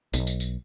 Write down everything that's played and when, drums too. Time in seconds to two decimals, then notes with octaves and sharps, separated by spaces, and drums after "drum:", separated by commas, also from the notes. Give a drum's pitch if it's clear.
0.14 B1, drum: tambourine
0.27 drum: tambourine
0.40 drum: tambourine